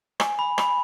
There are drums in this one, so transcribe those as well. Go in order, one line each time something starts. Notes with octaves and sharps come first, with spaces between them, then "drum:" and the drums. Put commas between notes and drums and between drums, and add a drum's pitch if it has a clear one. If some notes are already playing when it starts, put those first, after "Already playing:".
G#5, drum: rim click
B5
B5, drum: rim click